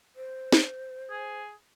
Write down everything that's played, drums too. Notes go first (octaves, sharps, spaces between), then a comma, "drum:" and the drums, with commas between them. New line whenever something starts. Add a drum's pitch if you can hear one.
C5
drum: snare
G#4